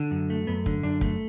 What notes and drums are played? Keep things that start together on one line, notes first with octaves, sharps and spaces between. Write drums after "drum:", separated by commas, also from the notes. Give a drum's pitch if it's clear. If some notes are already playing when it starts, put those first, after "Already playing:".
Already playing: D3
F#2
A3
F#2 B3
D3, drum: kick
F#2 D4
A3, drum: kick